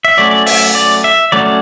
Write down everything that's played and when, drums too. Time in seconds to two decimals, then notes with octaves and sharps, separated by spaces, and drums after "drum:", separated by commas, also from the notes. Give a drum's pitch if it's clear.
0.05 E5
0.17 F#3 A3 C#4 D5
0.31 D5
0.46 E5, drum: open hi-hat
0.75 D5
1.04 E5
1.32 F#3 A3 C#4 D5